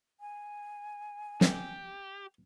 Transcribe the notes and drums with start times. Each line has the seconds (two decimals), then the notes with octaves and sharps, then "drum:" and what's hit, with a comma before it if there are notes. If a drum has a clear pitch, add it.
0.20 G#5
1.41 A3 B3 G4, drum: snare